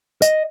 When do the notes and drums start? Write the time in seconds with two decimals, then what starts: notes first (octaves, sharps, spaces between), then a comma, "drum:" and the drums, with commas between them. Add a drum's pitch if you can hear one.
0.22 D#5, drum: tambourine